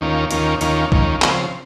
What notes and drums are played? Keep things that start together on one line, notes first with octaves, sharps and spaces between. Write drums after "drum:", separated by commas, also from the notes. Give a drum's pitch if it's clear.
D#2 D#3 A#3 C#4 F4
D#2 D#3 A#3 C#4 F4, drum: hi-hat
D#2 D#3 A#3 C#4 F4, drum: hi-hat
D#2 D#3 A#3 C#4 F4, drum: kick A#1
C#3 F3 C4, drum: clap